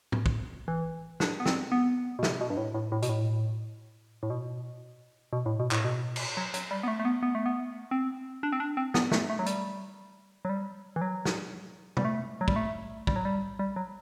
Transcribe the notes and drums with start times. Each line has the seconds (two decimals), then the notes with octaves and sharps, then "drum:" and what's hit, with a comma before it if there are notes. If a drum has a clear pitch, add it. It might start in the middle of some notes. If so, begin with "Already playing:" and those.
0.12 drum: tom
0.26 drum: kick
0.68 E3
1.20 D4, drum: snare
1.40 B3
1.46 C4, drum: snare
1.72 B3
2.19 B2
2.23 C3, drum: snare
2.41 B2
2.50 G2
2.57 A2
2.74 A2
2.92 A2
3.02 B2, drum: hi-hat
3.09 A2
4.23 A2
4.30 B2
5.33 B2
5.46 A2
5.60 B2
5.71 A2, drum: clap
5.85 B2
6.16 drum: cymbal
6.37 F#3
6.54 F#3, drum: hi-hat
6.71 G3
6.83 B3
6.88 A3
7.00 A3
7.05 B3
7.23 B3
7.35 A3
7.46 B3
7.91 C4
8.43 D4
8.52 C4
8.60 D4
8.77 C4
8.94 B3, drum: snare
9.12 A3, drum: snare
9.30 A3
9.39 F#3
9.46 G3, drum: hi-hat
10.45 F#3
10.49 G3
10.96 E3
11.01 F#3
11.25 drum: snare
11.97 G3, drum: tom
12.05 A3
12.41 F#3
12.48 G3, drum: kick
12.56 A3
13.07 G3, drum: kick
13.16 F#3
13.25 G3
13.59 G3
13.76 F#3